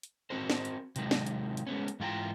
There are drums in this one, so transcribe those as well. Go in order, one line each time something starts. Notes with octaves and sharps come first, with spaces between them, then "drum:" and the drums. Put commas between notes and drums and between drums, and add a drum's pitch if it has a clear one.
drum: hi-hat
C4 F#4 A#4 C5
drum: snare
drum: hi-hat
C3 D#3 F#3 G#3, drum: hi-hat
drum: snare
drum: hi-hat
drum: hi-hat
G#3 B3 C#4
drum: hi-hat
G#2 E3 F4 G#4 G5 A#5